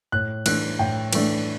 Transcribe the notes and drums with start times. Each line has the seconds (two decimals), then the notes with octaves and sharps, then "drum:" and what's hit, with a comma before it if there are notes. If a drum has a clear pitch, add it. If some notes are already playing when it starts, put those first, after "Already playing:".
0.12 A2 F#6
0.46 E3 A3 D4 F#6, drum: cymbal
0.79 A2 G5
1.13 E3 A3 D4, drum: cymbal